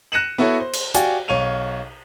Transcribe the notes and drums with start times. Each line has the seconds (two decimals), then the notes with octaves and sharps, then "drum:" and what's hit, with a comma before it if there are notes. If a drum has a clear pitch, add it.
0.12 F#6 A#6 C#7 D#7 E7 F#7
0.38 B3 E4 F#4 A4 C#5
0.60 C5
0.73 drum: cymbal
0.95 F#4 G4 D5 F5 G#5, drum: hi-hat
1.28 B1 C#5 F5 D#7 F7